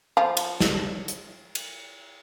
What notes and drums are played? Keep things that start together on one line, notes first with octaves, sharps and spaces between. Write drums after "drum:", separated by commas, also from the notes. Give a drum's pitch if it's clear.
F3 F4
drum: cymbal
drum: snare
drum: hi-hat
drum: cymbal